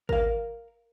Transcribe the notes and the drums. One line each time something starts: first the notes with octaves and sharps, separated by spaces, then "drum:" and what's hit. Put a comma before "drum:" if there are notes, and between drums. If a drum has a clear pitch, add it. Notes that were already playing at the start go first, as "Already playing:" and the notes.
A#4 F5, drum: kick